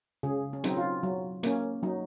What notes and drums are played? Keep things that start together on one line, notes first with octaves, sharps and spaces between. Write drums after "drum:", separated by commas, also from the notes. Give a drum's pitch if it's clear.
C#3 G#4
C#4
F#3 C4 D#4, drum: hi-hat
F4
F#3
A#3 C#4, drum: hi-hat
F#3 D#4